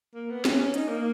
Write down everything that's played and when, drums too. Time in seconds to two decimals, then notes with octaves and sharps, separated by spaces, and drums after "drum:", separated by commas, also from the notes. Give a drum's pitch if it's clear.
0.15 A#3
0.30 B3
0.45 C#4, drum: snare
0.59 C#4
0.74 D#4, drum: hi-hat
0.88 A#3